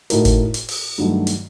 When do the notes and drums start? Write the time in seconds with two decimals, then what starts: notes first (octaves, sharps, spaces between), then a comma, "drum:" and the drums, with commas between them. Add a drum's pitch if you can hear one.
0.10 A2 A3 D#4 F#4 A#4, drum: hi-hat
0.25 drum: kick G1, hi-hat
0.54 drum: hi-hat
0.69 drum: open hi-hat
0.98 G2 D#3 F#3 A3
1.27 drum: hi-hat